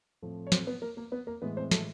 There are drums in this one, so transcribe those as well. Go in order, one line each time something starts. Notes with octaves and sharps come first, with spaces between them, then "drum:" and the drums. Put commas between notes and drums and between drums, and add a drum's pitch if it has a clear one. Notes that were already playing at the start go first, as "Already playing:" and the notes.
A2 F3 A3 C4
C#5
C4 C5, drum: snare
B3 B4
A#3 A#4
A#3 A#4
B3 B4
A#3 A#4
A2 E3 G#3 B3 B4
C4 C5
A3 A4, drum: snare